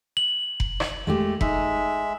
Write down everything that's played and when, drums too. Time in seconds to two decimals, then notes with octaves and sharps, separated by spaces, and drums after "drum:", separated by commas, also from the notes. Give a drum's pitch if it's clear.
0.17 F#7
0.60 drum: kick F1
0.80 drum: rim click
1.07 G#3 A3 G4
1.41 G#3 D#4 E5, drum: kick F1